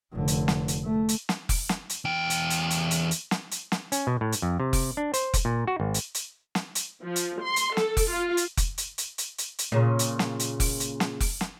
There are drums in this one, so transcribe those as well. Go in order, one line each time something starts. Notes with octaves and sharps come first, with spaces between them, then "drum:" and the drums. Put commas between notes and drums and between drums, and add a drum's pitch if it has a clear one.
F1 D3
drum: hi-hat
drum: snare
drum: hi-hat
A3
drum: hi-hat
drum: snare
drum: kick F1, open hi-hat
drum: snare
drum: hi-hat
E2 G5
drum: hi-hat
drum: hi-hat
drum: hi-hat
drum: hi-hat
drum: hi-hat
drum: snare
drum: hi-hat
drum: snare
C#4, drum: hi-hat
B2
A2
drum: hi-hat
F2
C3
drum: kick F1, open hi-hat
D4
C5, drum: hi-hat
drum: kick F1, hi-hat
A#2
F#4
G#1
drum: hi-hat
drum: hi-hat
drum: snare
drum: hi-hat
F3
drum: hi-hat
C6
drum: hi-hat
A4, drum: snare
drum: kick F1, open hi-hat
F4
drum: hi-hat
drum: kick F1, hi-hat
drum: hi-hat
drum: hi-hat
drum: hi-hat
drum: hi-hat
drum: hi-hat
A#2 C#3
drum: hi-hat
drum: snare
drum: hi-hat
drum: kick F1, open hi-hat
drum: hi-hat
drum: snare
drum: kick F1, open hi-hat
drum: snare